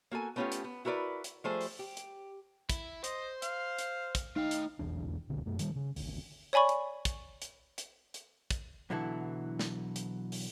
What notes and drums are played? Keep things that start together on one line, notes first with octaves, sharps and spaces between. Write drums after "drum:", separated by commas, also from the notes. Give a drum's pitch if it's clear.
A#3 F#4 A4 G#5
A3 B3 C#4 E4 F4 G4
drum: hi-hat
B3
E4 F#4 A#4 B4 D5
drum: hi-hat
F3 G3 A3 G#4 C5
drum: open hi-hat
G4
drum: hi-hat
E4, drum: kick, hi-hat
C5 D#5, drum: hi-hat
F5, drum: hi-hat
drum: hi-hat
drum: kick, hi-hat
A3 D#4 F5 G5
drum: hi-hat
F1 B1 E2 D4
D1 C2 B2 D3
F#2 B2 A3
D#3 G3, drum: hi-hat
C#3
G#1 D2, drum: open hi-hat
C#5 D5 G#5 B5 C#6
drum: hi-hat
drum: kick, hi-hat
drum: hi-hat
drum: hi-hat
drum: hi-hat
drum: kick, hi-hat
B1 D3 E3 F#3 E4 A4
drum: snare
drum: hi-hat
drum: open hi-hat